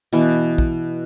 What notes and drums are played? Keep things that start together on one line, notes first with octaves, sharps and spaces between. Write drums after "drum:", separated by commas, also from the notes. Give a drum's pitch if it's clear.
B2 E3
drum: kick